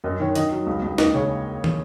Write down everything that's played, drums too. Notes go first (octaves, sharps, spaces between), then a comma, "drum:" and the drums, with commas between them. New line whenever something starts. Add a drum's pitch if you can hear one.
F#2 D#5
D#3 C#5
D#3 D#5, drum: hi-hat
F#3
C#2
C#2
D#2 D#5, drum: snare
C#3 C#5
drum: tom